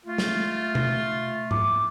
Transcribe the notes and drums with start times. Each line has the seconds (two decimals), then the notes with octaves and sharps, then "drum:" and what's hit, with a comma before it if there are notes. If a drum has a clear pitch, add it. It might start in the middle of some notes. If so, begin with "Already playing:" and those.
0.06 A3 F4
0.18 drum: snare
0.75 drum: tom B2
1.51 D6, drum: tom G#2